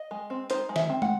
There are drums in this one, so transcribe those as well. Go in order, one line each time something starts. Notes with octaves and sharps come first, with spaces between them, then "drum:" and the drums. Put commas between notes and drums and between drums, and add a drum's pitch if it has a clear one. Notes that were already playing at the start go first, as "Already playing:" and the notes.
Already playing: D#5
G#3
C4
D#4 C5, drum: hi-hat
G#3
E5, drum: snare
C4
F#5, drum: tom